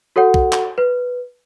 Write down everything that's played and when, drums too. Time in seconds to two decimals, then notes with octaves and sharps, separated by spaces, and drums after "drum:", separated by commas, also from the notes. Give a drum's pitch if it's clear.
0.16 F#4 A4 C#5 F#5
0.34 drum: kick B1
0.53 drum: clap
0.78 B4